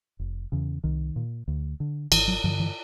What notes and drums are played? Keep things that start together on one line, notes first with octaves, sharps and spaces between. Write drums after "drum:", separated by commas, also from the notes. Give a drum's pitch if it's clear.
F1
E2 C#3
C2 D#3
A#2
D2
D3
G#1 E3, drum: cymbal
F#3
G2 D3 F3
E3